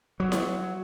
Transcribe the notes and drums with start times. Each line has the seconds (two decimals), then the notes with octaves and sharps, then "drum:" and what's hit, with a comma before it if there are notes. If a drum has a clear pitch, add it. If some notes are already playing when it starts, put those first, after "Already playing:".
0.20 F#3
0.32 drum: snare E4